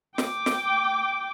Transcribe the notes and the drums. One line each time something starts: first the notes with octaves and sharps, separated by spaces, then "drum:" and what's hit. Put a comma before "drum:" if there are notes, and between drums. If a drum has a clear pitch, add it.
G5 D6, drum: snare
drum: snare